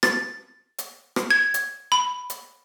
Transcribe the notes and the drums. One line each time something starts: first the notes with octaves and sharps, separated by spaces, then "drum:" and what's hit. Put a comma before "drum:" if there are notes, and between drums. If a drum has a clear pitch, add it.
A6, drum: rim click
drum: hi-hat
drum: rim click
G#6
drum: hi-hat
B5
drum: hi-hat